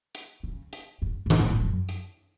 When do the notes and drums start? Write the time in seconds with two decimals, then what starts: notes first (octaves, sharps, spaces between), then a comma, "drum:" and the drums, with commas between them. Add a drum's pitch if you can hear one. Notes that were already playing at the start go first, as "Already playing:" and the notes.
0.15 drum: hi-hat
0.43 C#3
0.73 drum: hi-hat
1.02 G2
1.26 G2
1.30 G#2, drum: tom D#3
1.40 A2
1.50 G#2
1.60 F#2
1.89 drum: hi-hat